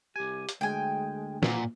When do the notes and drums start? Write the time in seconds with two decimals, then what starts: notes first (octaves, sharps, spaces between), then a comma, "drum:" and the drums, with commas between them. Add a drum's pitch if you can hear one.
0.16 C2 G4 G#5
0.49 drum: hi-hat
0.61 D2 G#3 G5 G#5
1.43 A#2 F#5, drum: snare